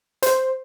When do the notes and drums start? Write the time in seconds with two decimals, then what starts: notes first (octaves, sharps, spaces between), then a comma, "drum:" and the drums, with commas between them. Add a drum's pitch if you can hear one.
0.22 C5, drum: hi-hat